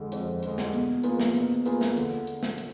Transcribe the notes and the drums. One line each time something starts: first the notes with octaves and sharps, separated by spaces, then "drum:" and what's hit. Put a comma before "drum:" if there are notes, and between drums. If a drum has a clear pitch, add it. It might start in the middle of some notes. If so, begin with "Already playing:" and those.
Already playing: F2 D3 G#3
F2, drum: hi-hat
D3 G#3, drum: hi-hat
drum: snare
B2, drum: hi-hat
A#3 F4 G#4 B4, drum: hi-hat
drum: snare
B2, drum: hi-hat
A#3 F4 G#4 B4, drum: hi-hat
drum: snare
D3, drum: hi-hat
drum: hi-hat
drum: snare
drum: hi-hat